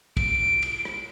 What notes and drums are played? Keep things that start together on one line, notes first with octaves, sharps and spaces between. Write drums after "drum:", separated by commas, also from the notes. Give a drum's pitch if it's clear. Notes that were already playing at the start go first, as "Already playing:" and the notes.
D7, drum: kick, cymbal
drum: cymbal
drum: rim click